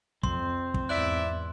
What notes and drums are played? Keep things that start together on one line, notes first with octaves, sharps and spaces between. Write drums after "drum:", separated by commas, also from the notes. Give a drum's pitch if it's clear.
F2 C4 C6, drum: kick
drum: kick
E2 G#2 E4 D5 E5 F#6